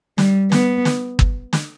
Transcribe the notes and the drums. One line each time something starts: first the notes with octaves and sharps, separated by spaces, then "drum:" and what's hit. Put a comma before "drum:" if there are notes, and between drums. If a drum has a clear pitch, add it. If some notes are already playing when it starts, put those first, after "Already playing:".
G3, drum: snare
B3, drum: snare
drum: snare
drum: kick
drum: snare